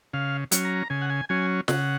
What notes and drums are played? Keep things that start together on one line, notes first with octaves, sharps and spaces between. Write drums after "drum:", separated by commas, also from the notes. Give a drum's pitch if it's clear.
C#3 F5
F#3 C#4, drum: hi-hat
A#5
C#3 G#5
F#5
G#5
F#3 C#4 G#5
C#3 F#5, drum: snare